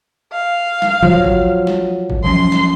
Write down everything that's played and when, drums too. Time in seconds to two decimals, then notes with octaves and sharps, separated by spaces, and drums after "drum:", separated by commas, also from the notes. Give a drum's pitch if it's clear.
0.33 F5
0.82 drum: snare
1.03 F3 F#3
1.25 drum: kick
1.67 drum: snare
2.10 drum: kick
2.24 F3 F#3 C#4 C6
2.52 drum: snare